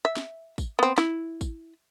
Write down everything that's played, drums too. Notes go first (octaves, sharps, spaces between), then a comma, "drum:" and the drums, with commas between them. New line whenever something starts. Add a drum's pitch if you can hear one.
E5
drum: snare
drum: kick, tambourine
B3 C4
E4, drum: snare
drum: kick, tambourine